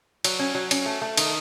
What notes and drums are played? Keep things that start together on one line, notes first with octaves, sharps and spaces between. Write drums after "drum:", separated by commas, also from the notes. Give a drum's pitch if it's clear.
F#3, drum: cymbal
C#4
F#3
C#4, drum: cymbal
A3
A3
D#3, drum: cymbal